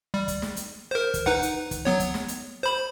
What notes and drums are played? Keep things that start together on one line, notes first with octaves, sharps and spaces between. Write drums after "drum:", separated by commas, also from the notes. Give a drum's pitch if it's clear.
G3
drum: kick, hi-hat
drum: snare
drum: hi-hat
A#4 C5
drum: kick, hi-hat
D#4 B4 F#5, drum: kick
drum: hi-hat
drum: kick, hi-hat
F#3 B3 C#5
drum: kick, hi-hat
drum: snare
drum: hi-hat
C5 B5